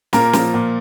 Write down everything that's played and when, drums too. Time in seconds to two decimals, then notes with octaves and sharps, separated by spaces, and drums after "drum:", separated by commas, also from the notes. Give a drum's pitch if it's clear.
0.13 A#2 A#3 A#4, drum: snare
0.33 F3, drum: snare
0.54 A#2